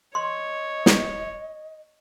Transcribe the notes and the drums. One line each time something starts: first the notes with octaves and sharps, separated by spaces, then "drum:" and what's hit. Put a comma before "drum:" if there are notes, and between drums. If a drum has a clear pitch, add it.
C#5 D#5 C6
drum: snare